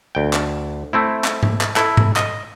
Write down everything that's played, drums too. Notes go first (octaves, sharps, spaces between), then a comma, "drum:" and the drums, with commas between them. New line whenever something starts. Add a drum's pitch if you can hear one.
D2 G5
drum: clap
A3 C4 E4
drum: clap
drum: tom G#2
drum: clap
E4 A4, drum: clap
drum: tom G#2
D#5, drum: clap